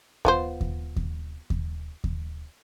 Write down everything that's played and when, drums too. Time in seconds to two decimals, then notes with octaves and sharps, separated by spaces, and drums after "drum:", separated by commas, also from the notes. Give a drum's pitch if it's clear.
0.25 B3 F4 C5, drum: kick D#2
0.61 drum: kick D#2
0.96 drum: kick D#2
1.50 drum: kick D#2
2.04 drum: kick D#2